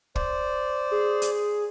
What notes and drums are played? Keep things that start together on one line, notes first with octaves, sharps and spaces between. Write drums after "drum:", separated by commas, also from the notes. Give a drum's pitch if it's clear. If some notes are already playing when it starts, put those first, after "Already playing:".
C5 D5, drum: kick
G#4
drum: hi-hat